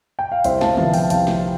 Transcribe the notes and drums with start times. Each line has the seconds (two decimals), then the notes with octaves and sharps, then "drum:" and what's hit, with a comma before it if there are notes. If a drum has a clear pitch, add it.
0.19 G5
0.32 F5
0.44 C2 C5 E5, drum: hi-hat
0.61 F5 A5, drum: snare
0.77 C3 F3 B3 F5 A5, drum: tom D3
0.94 E5 G5, drum: open hi-hat
1.10 C2 F5 A5, drum: hi-hat
1.27 drum: snare